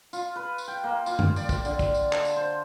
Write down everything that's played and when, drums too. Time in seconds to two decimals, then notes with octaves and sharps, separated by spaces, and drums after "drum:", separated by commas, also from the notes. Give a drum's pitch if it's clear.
0.13 F4, drum: tambourine
0.36 B4
0.58 drum: tambourine
0.68 G5
0.84 A#3
1.06 F4, drum: tambourine
1.19 drum: tom F#2
1.36 D5, drum: tambourine
1.49 drum: kick, tambourine
1.65 D3, drum: tambourine
1.79 drum: kick, tambourine
1.94 drum: tambourine
2.13 A5, drum: clap
2.25 drum: tambourine
2.36 C5